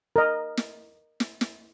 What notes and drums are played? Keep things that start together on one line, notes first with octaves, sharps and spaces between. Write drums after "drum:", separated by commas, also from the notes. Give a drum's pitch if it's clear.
A#4 D#5
drum: snare
drum: snare
drum: snare